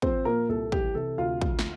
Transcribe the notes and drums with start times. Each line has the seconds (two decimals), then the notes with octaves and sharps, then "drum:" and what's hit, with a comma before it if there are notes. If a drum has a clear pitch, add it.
0.02 F3 C4 C5, drum: kick
0.25 A#2 A#3 A#4
0.49 C2 A4
0.72 E3 G4, drum: kick
0.95 C3 A4
1.18 D2 F4 F5
1.42 F3, drum: kick
1.59 drum: snare